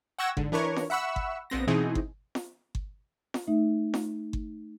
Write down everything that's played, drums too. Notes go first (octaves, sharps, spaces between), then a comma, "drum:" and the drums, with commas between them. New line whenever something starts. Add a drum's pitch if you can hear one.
F#5 G5 C#6 E6 G#6 A#6
G#2 D3, drum: kick G1
E3 D4 A#4 B4 C#5
drum: snare
E5 F#5 B5 C#6 E6
drum: kick G1
A#1 B3 C4 A#6
B2 E3 C4 D#4 E4 G#4
drum: kick G1
drum: snare
drum: kick G1
drum: snare
A3 D#4 E5
drum: snare
drum: kick G1